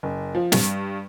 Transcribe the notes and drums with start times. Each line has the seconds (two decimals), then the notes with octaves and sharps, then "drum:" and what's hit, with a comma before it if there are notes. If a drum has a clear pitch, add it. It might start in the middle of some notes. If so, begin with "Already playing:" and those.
0.03 F#1
0.35 F3
0.52 G2, drum: snare